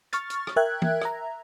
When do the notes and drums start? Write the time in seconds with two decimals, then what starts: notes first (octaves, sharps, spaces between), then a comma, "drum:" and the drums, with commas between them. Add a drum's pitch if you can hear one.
0.13 C#6 F6 A6, drum: hi-hat
0.30 drum: hi-hat
0.47 drum: rim click
0.56 A#4 E5 G5 F#6 G#6
0.82 drum: tom
1.02 E5 A#5, drum: rim click